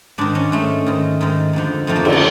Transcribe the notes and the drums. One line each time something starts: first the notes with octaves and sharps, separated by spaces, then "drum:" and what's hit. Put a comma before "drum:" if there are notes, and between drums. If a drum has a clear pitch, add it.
G#2 D#3 D4
C#4
G#2 D#3 A3
G#2 D#3
G#2 D#3
F2 D3 F3
F2 D3 F3 A3
A#3
C4, drum: cymbal
C#4